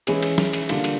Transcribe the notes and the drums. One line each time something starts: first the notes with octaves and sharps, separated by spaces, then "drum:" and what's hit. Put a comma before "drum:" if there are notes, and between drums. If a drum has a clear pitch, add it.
E3 G#3 C#4 E4 G#4, drum: cymbal
drum: cymbal
drum: snare
drum: cymbal
D3 G3 A#3 D4 F4, drum: cymbal
drum: cymbal